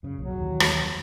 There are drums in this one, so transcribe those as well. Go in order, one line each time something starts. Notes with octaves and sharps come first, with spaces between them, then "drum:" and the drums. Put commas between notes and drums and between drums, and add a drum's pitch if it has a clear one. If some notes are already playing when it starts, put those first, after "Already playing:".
F#2 C#3
B1 F2 A#2 F#3
D#2 E3
drum: rim click
F2